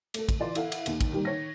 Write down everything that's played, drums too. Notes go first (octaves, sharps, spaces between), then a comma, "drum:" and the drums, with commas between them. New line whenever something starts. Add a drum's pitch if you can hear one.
A3 A4, drum: cymbal
drum: kick, cymbal
E3 F4 D5 C6
E4 A4 F5 F#5, drum: cymbal
drum: cymbal
D#2 D#3, drum: cymbal
drum: kick, cymbal
D#3 G3 A#3
D#3 C#5 A#6